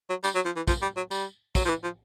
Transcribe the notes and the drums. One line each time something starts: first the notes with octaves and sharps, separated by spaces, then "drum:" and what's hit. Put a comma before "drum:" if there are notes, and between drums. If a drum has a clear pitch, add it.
F#3
G3, drum: tambourine
F#3
F3
E3
F3, drum: kick, tambourine
G3
F#3
G3, drum: tambourine
F#3, drum: kick, tambourine
F3
E3
F3